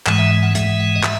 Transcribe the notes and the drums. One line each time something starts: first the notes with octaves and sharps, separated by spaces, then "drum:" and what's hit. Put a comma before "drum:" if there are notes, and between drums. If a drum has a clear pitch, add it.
G#2 E3 G#3 F#5, drum: clap
E5
F#5
G#2 E3 G#3 E5, drum: hi-hat
F#5
D#5
E5, drum: clap